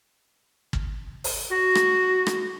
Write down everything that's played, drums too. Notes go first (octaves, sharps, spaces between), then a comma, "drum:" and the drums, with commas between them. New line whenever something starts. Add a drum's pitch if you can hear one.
drum: kick
drum: open hi-hat
F#4
drum: rim click
drum: rim click